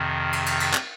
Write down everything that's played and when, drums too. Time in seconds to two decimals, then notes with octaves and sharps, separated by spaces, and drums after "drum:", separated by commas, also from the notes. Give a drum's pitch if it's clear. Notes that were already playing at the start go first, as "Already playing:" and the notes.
Already playing: F2 C3 D#3
0.33 drum: cymbal
0.46 drum: cymbal
0.60 drum: cymbal
0.74 drum: clap